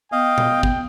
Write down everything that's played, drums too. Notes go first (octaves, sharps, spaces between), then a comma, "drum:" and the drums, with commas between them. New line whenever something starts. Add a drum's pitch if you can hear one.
B3 D#5 F5 G5
drum: tom A#2
drum: kick G1